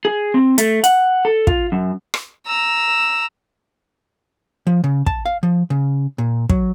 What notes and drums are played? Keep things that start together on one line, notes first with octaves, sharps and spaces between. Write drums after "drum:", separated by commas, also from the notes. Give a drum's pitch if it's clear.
G#4
C4
A3, drum: hi-hat
F#5, drum: hi-hat
A4
F4, drum: kick
F#2
drum: rim click
A#5 E6
F3
C#3
A5, drum: kick
F5
F3
C#3
A#2
F#3, drum: kick